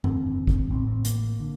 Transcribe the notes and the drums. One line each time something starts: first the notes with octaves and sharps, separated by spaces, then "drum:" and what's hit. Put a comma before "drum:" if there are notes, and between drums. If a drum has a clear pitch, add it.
F1 D#2 D3 C4, drum: tom G2
drum: kick
A1 A2 C4
C4
A#3, drum: hi-hat
D3